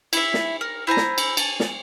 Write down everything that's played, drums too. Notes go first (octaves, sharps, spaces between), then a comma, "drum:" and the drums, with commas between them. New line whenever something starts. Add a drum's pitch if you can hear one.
E4 E5, drum: cymbal
drum: snare
A#4
E4 C5 G#5 A#5
drum: snare
drum: cymbal
G#5 A5, drum: cymbal
drum: snare